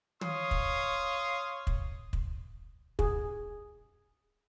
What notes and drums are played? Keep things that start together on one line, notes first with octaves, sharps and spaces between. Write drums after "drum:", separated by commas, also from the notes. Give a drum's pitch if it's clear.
C#5 F5 C6 D#6, drum: tom
drum: kick
drum: kick
drum: kick
G#4, drum: kick